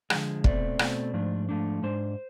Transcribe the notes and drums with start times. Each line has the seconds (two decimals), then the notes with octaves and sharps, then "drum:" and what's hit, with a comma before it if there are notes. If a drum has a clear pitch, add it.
0.10 D3 F3 G#3, drum: rim click
0.44 B2 A3 C4 D5, drum: kick
0.79 B2 A3 C4, drum: rim click
1.13 G#2 F3 A3 D4
1.49 G#2 F3 A3 D4
1.83 G#2 G#3 D4 C5